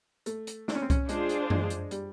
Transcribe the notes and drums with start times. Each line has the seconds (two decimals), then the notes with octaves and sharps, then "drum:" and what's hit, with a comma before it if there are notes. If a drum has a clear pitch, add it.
0.26 A3, drum: hi-hat
0.47 drum: hi-hat
0.68 D4, drum: snare
0.75 C#4
0.82 C4
0.90 C#4, drum: kick C2, hi-hat
1.09 G#3 D4 F4 G#4 C5, drum: hi-hat
1.29 drum: hi-hat
1.50 G#3, drum: tom F#2
1.70 drum: hi-hat
1.91 G3, drum: hi-hat